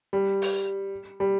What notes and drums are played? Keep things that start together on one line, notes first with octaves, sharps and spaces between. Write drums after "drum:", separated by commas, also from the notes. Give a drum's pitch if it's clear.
G3
drum: open hi-hat
G3